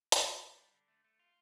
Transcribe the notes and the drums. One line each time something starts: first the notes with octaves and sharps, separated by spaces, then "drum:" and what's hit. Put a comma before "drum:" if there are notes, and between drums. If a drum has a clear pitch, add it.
C3, drum: hi-hat
D4
G3
D4
D3
A3
A3
F4